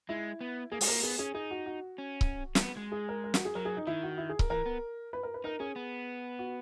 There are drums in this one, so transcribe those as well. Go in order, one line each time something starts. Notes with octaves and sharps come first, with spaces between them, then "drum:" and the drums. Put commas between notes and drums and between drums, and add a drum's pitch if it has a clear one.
G#3 E4
B3
A#3 G#4
G#3, drum: open hi-hat
A#3 A#4
B3 G#4
C#4 G#4
D#4 G#4
F#4
F#4
C#4
drum: kick C#1
C#4, drum: snare
B3
G#3
G#4
A#4
A#4
F#4, drum: snare
G#4
F#3 A#4
G#4
D#4
D#3 E4
F#4
E4
G#4
A#4, drum: kick C#1
E3 A#4
B3
B4
A#4
B4
D#4 A#4
C#4 G#4
B3
F#4